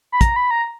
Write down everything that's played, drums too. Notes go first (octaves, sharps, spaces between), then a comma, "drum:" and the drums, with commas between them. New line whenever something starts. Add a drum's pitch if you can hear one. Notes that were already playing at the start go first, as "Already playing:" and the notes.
B5
A#5, drum: kick, hi-hat
B5
A#5